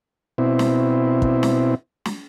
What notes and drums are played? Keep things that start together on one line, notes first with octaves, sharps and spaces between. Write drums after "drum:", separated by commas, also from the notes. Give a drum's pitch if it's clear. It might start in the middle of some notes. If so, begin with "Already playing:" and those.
B2 C4 E4
drum: snare
drum: kick
drum: snare
drum: snare